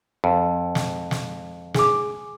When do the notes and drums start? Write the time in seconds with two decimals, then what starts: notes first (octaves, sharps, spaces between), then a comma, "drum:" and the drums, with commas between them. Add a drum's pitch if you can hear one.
0.24 F2
0.75 drum: snare
1.11 drum: snare
1.74 G#4 D6, drum: snare